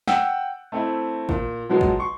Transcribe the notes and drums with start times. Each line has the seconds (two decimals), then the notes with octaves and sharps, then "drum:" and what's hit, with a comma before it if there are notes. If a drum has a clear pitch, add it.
0.08 F#5 G5 E6, drum: snare
0.72 A3 C4 E4
1.29 A#2, drum: kick A1
1.69 B2 F3 F#3 G#3
1.81 drum: kick A1
1.99 C6 C#6